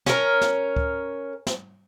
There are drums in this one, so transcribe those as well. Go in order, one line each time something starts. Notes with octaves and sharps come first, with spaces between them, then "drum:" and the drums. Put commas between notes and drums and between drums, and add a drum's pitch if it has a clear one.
C#4 A#4, drum: snare
drum: snare
drum: kick C#2
drum: snare